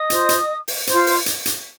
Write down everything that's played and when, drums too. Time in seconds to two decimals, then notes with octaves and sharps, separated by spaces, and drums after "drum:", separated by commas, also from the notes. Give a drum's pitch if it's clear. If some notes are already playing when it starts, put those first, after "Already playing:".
Already playing: D#5 D#6
0.10 F4 C5, drum: hi-hat
0.29 drum: hi-hat
0.68 drum: open hi-hat
0.87 F4 C5, drum: hi-hat
1.07 drum: open hi-hat
1.26 drum: hi-hat
1.46 drum: hi-hat